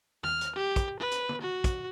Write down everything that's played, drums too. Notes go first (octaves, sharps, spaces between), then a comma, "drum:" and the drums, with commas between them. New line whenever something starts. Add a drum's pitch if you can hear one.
F6, drum: tom E2
drum: hi-hat
G4
drum: kick, hi-hat
B4
drum: hi-hat
drum: tom
F#4
drum: kick, hi-hat